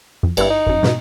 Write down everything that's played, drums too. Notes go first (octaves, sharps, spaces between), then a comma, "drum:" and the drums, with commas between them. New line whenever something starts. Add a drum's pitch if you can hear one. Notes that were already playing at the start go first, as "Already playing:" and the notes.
F2
G1 G2 E4, drum: cymbal
D#4
G1 F#2
G#2 B2, drum: snare